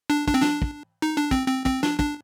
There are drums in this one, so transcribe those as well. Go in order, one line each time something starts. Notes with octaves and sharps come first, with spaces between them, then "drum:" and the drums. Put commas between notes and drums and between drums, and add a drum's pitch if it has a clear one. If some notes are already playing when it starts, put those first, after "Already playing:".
D4
D4, drum: kick
C4
D4, drum: snare
drum: kick
D#4
D4
C4, drum: kick
C4
C4, drum: kick
D4, drum: snare
D4, drum: kick